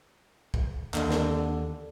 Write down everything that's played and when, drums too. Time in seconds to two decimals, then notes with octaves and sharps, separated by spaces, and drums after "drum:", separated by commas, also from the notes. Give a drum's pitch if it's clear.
0.54 drum: kick
0.94 D#2 D3, drum: clap
1.11 drum: snare